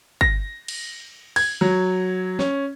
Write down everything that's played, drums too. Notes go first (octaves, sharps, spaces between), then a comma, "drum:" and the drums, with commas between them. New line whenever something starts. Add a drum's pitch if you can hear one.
A#6, drum: kick
drum: cymbal
G#6, drum: cymbal
F#3
C#4, drum: snare